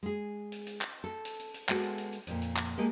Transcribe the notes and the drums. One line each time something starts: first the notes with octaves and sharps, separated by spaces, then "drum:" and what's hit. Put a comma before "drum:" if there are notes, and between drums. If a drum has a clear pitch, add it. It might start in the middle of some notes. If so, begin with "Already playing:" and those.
G#3 G#4
drum: hi-hat
drum: hi-hat
drum: clap
A4
drum: hi-hat
drum: hi-hat
drum: hi-hat
G#3 B3 F#4 A4, drum: clap
drum: hi-hat
drum: hi-hat
drum: hi-hat
F2 A#2, drum: hi-hat
drum: hi-hat
drum: clap
G#3 A#3 G4 A4 D#5